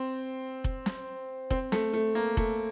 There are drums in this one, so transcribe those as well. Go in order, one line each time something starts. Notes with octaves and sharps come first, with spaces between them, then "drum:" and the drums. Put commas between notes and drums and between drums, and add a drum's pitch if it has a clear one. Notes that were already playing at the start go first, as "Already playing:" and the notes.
Already playing: C4
drum: kick F1
drum: snare
C4, drum: kick F1
A3, drum: snare
A3
A#3
A3, drum: kick F1